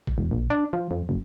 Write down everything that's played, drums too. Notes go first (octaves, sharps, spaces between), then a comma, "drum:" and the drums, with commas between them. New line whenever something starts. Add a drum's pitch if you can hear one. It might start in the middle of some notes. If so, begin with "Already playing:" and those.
drum: kick
E1
A#1
D4
F3
F2
F#1